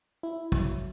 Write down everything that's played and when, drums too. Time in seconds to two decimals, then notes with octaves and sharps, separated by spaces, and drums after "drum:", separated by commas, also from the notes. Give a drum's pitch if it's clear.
0.23 E4
0.52 F#3, drum: kick